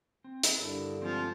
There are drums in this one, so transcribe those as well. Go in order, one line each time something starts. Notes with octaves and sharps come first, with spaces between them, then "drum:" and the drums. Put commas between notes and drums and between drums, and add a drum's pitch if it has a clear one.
C4
drum: hi-hat
G2 D3 E4 A4 A#4
F3 G#3 C4